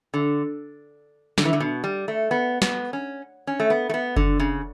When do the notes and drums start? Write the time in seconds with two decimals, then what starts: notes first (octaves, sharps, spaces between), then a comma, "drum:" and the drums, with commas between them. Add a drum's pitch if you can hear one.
0.14 D3
1.38 D3, drum: snare
1.45 E3
1.53 D3
1.60 B2
1.84 G3
2.08 A3
2.31 B3
2.62 B3, drum: snare
2.93 C#4
3.47 C#4
3.60 A3
3.70 B3
3.90 A3
3.94 B3
4.16 D3, drum: kick F#1
4.40 C#3